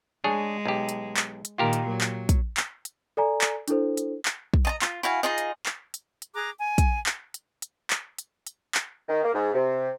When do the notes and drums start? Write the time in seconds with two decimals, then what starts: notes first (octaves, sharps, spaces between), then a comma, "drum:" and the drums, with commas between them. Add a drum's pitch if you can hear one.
0.24 G#3 D4 G#4 C#5
0.65 B1 G4
0.89 drum: hi-hat
1.17 drum: clap
1.45 drum: hi-hat
1.58 A#2 D#3 F4 G4 A#4
1.73 drum: hi-hat
1.89 F#3
2.01 drum: clap
2.29 drum: kick, hi-hat
2.57 drum: clap
2.85 drum: hi-hat
3.17 A4 D5 G#5 A#5
3.41 drum: clap
3.68 D4 E4 A4 C5, drum: hi-hat
3.97 drum: hi-hat
4.25 drum: clap
4.54 drum: kick
4.65 D#5 A5 A#5
4.82 F4, drum: clap
5.03 E4 F#4 F5 G#5
5.23 D#4 F4 G#4 D#5
5.38 drum: hi-hat
5.66 drum: clap
5.94 drum: hi-hat
6.22 drum: hi-hat
6.35 G#4 A#5 D6 F#6
6.58 G#5
6.78 drum: kick, hi-hat
7.06 drum: clap
7.34 drum: hi-hat
7.62 drum: hi-hat
7.90 drum: clap
8.18 drum: hi-hat
8.47 drum: hi-hat
8.75 drum: clap
9.09 D#3
9.23 A#3
9.34 G#2
9.54 C3